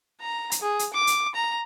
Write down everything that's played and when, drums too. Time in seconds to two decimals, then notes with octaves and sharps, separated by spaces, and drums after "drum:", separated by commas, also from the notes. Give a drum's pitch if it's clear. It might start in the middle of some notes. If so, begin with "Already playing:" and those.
0.21 A#5
0.51 drum: hi-hat
0.62 G#4
0.79 drum: hi-hat
0.94 D6
1.07 drum: hi-hat
1.35 A#5